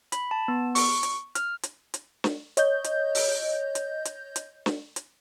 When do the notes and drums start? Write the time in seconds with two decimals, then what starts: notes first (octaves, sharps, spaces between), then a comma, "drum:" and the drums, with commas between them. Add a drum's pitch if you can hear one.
0.12 B5, drum: hi-hat
0.31 A5
0.48 B3
0.75 C#6, drum: open hi-hat
1.03 drum: hi-hat
1.35 F6, drum: hi-hat
1.63 drum: hi-hat
1.94 drum: hi-hat
2.24 drum: snare
2.57 C#5 D#5 G6, drum: hi-hat
2.84 drum: hi-hat
3.15 drum: open hi-hat
3.75 drum: hi-hat
4.05 drum: hi-hat
4.36 drum: hi-hat
4.66 drum: snare
4.96 drum: hi-hat